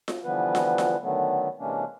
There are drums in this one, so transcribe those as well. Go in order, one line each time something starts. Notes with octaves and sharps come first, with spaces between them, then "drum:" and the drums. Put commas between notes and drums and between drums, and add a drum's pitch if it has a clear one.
drum: snare F4
D3 E3 F3 G3 B3 B4
drum: snare F4
drum: snare F4
D3 D#3 F#3 A3 B3
C3 E3 G#3 A#3 C#4 D4